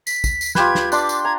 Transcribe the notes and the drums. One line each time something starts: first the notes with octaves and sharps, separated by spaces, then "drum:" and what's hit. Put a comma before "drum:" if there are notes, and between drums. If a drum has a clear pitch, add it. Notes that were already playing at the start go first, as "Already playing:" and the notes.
B6, drum: tambourine
drum: kick, tambourine
drum: tambourine
F4 G4 B4 G#6, drum: snare
drum: snare
D4 C6 D6, drum: tambourine
drum: tambourine
A#5 G#6